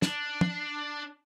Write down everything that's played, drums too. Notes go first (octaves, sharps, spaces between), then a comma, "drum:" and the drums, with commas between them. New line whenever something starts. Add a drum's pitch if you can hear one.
D4, drum: snare
drum: tom